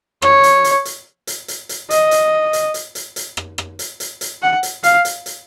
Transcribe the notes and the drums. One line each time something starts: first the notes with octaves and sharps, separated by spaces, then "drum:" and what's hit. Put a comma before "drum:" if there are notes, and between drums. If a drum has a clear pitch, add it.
C#5, drum: rim click
drum: hi-hat
drum: hi-hat
drum: hi-hat
drum: hi-hat
drum: hi-hat
drum: hi-hat
D#5, drum: hi-hat
drum: hi-hat
drum: hi-hat
drum: hi-hat
drum: hi-hat
drum: hi-hat
drum: rim click
drum: rim click
drum: hi-hat
drum: hi-hat
drum: hi-hat
F#5
drum: hi-hat
F5, drum: hi-hat
drum: hi-hat
drum: hi-hat